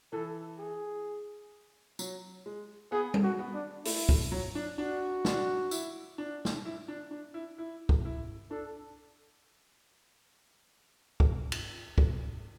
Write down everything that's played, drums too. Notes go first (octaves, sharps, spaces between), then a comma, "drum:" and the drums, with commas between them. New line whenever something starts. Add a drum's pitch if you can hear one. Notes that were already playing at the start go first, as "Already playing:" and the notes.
E3 A4
G#4
F#3, drum: tambourine
G#3
B3 G#4
drum: tom G3
F#4
B3
D4
A3 E4, drum: open hi-hat
A3, drum: kick
F#3
D4
D4 F#4
D4, drum: snare
E4, drum: tambourine
D4
drum: snare
E4
D4
D4
E4
E4
drum: kick
E4
D4 A4
drum: kick
drum: cymbal
drum: kick